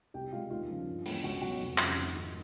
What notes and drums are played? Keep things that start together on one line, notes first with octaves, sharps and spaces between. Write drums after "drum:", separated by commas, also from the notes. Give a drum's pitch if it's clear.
C2 G4 G5
B2 G#3 B3 F4 F5
D#2 F4 F5
C#3 F3
G2
E3 G#3 B3, drum: open hi-hat
C#2 F#4 F#5
B2 F#3 B3 F#4 F#5
F1
F2 C#3 F3, drum: clap
G#1
G#2 D#3